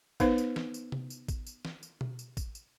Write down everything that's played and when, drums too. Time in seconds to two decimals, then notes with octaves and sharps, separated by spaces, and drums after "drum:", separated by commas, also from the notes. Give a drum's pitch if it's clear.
0.20 B3 D#4 B4 C5, drum: kick A1, tambourine
0.38 drum: tambourine
0.56 drum: snare
0.74 drum: tambourine
0.92 drum: tom C3
1.10 drum: tambourine
1.28 drum: kick A1, tambourine
1.47 drum: tambourine
1.65 drum: snare
1.83 drum: tambourine
2.01 drum: tom B2
2.19 drum: tambourine
2.37 drum: kick A1, tambourine
2.55 drum: tambourine